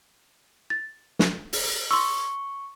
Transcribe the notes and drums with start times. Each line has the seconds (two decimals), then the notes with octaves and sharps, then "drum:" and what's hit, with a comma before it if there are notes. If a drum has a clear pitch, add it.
0.70 A6
1.19 drum: snare
1.53 drum: open hi-hat
1.91 C6 C#6 E6